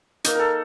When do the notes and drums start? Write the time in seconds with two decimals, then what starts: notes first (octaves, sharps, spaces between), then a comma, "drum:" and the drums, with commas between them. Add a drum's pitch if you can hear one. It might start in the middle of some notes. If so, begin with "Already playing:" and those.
0.24 A#3 D#4, drum: hi-hat
0.35 A4 A#4